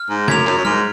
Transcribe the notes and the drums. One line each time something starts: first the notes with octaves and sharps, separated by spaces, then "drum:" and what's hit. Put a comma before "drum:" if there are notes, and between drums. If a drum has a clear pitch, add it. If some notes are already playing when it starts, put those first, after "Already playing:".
Already playing: F6
G#2
F#2 G#6 B6 F7, drum: snare
F#2, drum: clap
F#2
G#2 F6, drum: tom G3